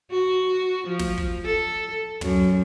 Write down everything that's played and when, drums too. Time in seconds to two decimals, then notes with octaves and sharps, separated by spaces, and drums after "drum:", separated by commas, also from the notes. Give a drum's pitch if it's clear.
0.11 F#4
0.87 F3
0.99 drum: snare
1.18 drum: kick
1.45 A4
2.21 F#2, drum: tom